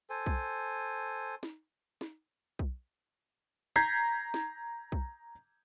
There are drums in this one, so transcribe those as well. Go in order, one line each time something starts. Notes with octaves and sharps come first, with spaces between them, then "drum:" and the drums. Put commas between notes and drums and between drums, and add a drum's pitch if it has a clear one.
A4 C5 G#5
drum: kick B1
drum: snare
drum: snare
drum: kick B1
A#5 G6 G#6 B6 C7, drum: snare
drum: snare
drum: kick B1